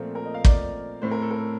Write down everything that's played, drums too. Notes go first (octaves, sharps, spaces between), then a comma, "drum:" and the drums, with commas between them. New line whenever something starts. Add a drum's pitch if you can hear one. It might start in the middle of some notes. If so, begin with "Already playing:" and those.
Already playing: A#2 F3 A3 C4 A#4
A#4
D#5
F5
D5, drum: kick
A2 A3 C4 C5
A#4
A4
A#4